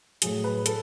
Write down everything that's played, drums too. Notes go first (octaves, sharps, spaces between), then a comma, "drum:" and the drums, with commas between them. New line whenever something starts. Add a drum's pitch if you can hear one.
A2 F#3 G#4, drum: hi-hat
B4
A4, drum: hi-hat